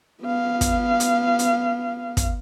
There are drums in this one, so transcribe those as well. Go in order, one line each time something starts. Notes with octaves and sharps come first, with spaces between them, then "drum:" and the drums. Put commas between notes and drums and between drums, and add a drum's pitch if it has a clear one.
B3 F5
drum: kick, hi-hat
drum: hi-hat
drum: hi-hat
drum: kick, hi-hat